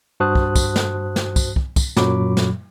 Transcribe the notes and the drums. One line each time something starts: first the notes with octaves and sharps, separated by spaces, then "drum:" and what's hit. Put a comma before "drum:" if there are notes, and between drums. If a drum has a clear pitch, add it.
G2 F#4 C5 A5 D#6 F#6
drum: kick
drum: kick, tambourine
drum: snare
drum: snare
drum: kick, tambourine
drum: kick
drum: kick, tambourine
F#2 A#2 F#3 B5 D6, drum: snare
drum: snare